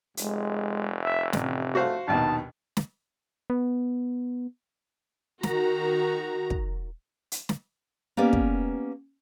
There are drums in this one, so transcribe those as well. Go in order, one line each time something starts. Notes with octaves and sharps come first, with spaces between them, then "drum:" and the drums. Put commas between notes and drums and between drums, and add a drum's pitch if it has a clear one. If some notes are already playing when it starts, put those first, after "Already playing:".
F1 G#3, drum: hi-hat
E5
A1 C3, drum: snare
A3 F#4 C5 F5
A#1 D#2 B2 D#4 A5
drum: snare
B3
D#3 F#4 A#5, drum: snare
drum: kick
drum: hi-hat
drum: snare
A#3 B3 C#4 G4 D5
drum: kick